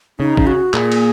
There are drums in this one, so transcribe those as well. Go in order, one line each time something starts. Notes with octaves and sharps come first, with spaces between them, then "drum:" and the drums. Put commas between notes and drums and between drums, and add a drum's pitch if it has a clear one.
C#3 D#4
C#3, drum: kick
F#4
A#2 G#4, drum: clap
drum: cymbal